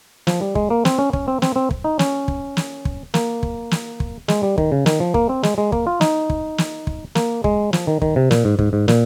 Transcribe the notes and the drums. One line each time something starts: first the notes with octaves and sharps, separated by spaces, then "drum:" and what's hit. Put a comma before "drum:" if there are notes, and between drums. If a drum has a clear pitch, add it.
F3, drum: snare
G3
G#3, drum: kick
A#3
C4, drum: snare
C#4
C#4, drum: kick
C4
C4, drum: snare
C4
drum: kick
D#4
C#4, drum: snare
drum: kick
drum: snare
drum: kick
A#3, drum: snare
drum: kick
drum: snare
drum: kick
G#3, drum: snare
G3
D#3, drum: kick
C#3
D#3, drum: snare
F3
A#3, drum: kick
C4
G#3, drum: snare
G#3
A#3, drum: kick
F4
D#4, drum: snare
drum: kick
drum: snare
drum: kick
A#3, drum: snare
G#3, drum: kick
F3, drum: snare
D#3
D#3, drum: kick
C3
A#2, drum: snare
G#2
G#2, drum: kick
G#2
A#2, drum: snare